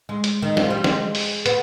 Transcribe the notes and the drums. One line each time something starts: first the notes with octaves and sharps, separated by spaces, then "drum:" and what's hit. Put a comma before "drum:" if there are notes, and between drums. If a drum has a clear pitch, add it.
G#3
drum: hi-hat
D#3
F3, drum: snare
G3
G#3, drum: snare
drum: open hi-hat
B3, drum: hi-hat